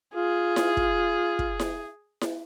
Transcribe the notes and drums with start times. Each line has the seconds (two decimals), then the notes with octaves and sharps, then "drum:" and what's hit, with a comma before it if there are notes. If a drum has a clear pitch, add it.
0.15 F4 G#4
0.56 drum: snare E4
0.77 drum: kick
1.39 drum: kick
1.59 drum: snare E4
2.21 drum: snare E4